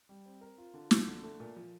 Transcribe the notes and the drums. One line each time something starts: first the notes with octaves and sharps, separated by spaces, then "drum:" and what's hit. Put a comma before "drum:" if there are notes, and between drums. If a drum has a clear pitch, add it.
G3
C4
A#4
F4
D3
F3, drum: snare
D3
A3
A#2
F3